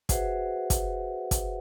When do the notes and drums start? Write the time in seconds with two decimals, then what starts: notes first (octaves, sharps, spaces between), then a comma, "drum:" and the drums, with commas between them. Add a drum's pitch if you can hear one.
0.09 F#4 G#4 B4 C5 E5 F#5, drum: kick, hi-hat
0.70 drum: kick, hi-hat
1.31 drum: kick, hi-hat